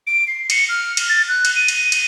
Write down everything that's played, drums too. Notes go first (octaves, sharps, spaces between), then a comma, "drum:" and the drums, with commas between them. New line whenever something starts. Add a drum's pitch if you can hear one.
D7
C7
C#7, drum: cymbal
F6
drum: cymbal
A6
F#6
drum: cymbal
D#7
drum: cymbal
drum: cymbal